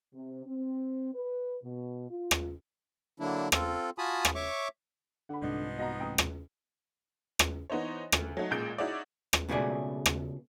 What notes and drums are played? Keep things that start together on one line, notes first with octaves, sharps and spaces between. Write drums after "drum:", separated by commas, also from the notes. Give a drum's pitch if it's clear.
C3
C4
B4
B2
F4
drum: rim click
D3 F#3 A#3 D4 E4
C4 F4 A4, drum: rim click
F4 F#4 G#5 A5 B5 D#6
drum: rim click
C#5 E5 C#6 D6
D3 F#5 B5
C2 G#2 C3 F3 B3 D4 D#4
B2 D#5 F#5 A#5
A1 G5 A#5 D#6
drum: rim click
drum: rim click
E3 B3 D#4 C5 C#5
D2, drum: rim click
F#3 A3 D#4 F#5
A1 A#2 G#3 G#4 G6 D7
D#4 E4 F#4 G#4 C#5 D5
drum: rim click
C#2 B2 A3 G#4 D5
drum: rim click